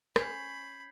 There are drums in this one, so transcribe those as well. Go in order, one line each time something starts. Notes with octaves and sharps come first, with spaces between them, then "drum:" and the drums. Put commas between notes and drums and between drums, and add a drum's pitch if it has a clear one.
C#4 B5 G6 G#6 C7, drum: rim click